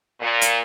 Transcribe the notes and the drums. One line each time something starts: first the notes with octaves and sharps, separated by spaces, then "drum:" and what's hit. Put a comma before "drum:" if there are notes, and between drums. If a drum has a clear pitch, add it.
A#2
drum: hi-hat